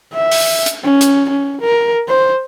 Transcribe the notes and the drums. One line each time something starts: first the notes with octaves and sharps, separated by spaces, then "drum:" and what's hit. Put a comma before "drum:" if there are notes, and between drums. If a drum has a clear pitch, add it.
E5
drum: open hi-hat
drum: hi-hat
C#4
drum: hi-hat
C#4
A#4
C5